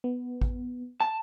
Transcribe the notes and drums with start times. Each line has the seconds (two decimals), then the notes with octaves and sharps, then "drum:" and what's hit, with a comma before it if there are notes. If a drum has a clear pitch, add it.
0.04 B3
0.42 drum: kick A1
1.00 A5